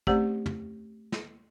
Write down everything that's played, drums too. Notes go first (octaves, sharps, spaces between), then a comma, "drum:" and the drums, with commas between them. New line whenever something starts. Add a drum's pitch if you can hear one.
A3 C4 C#4 G4 C5 D5, drum: kick
drum: tom
drum: snare